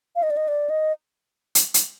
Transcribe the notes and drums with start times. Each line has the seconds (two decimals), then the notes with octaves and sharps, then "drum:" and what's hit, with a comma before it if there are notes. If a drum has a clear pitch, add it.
0.16 F5
0.23 D#5
0.30 D5
0.37 D#5
0.48 D5
0.70 D#5
1.55 drum: hi-hat
1.74 drum: hi-hat